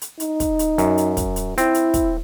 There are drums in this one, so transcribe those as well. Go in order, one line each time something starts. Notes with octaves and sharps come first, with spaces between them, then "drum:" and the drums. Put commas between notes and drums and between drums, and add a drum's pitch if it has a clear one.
drum: hi-hat
D#4, drum: hi-hat
drum: kick, hi-hat
drum: hi-hat
F#2, drum: hi-hat
drum: hi-hat
drum: kick, hi-hat
drum: hi-hat
C4 E4, drum: hi-hat
drum: hi-hat
drum: kick, hi-hat